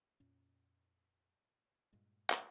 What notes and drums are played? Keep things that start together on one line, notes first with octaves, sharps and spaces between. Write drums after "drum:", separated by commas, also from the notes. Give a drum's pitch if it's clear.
F2 A#2 C#4
G2 A#2 G3 G#3
drum: clap